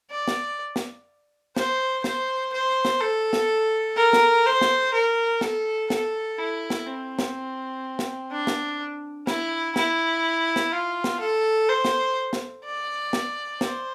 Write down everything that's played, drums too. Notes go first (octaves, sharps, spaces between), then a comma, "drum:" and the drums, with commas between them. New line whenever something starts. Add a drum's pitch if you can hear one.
D5
drum: snare
drum: snare
C5, drum: snare
C5, drum: snare
C5
drum: snare
A4
drum: snare
A#4
drum: snare
C5
drum: snare
A#4
A4, drum: snare
A4, drum: snare
E4
drum: snare
C4
drum: snare
drum: snare
D4
drum: snare
E4, drum: snare
E4, drum: snare
drum: snare
F4
drum: snare
A4
C5
drum: snare
drum: snare
D5
drum: snare
C5, drum: snare